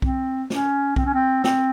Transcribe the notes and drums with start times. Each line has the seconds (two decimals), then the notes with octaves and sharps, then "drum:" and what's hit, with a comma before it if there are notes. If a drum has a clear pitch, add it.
0.02 C4, drum: kick B1
0.50 C#4, drum: snare
0.96 C4, drum: kick B1
1.05 C#4
1.14 C4
1.44 C4, drum: snare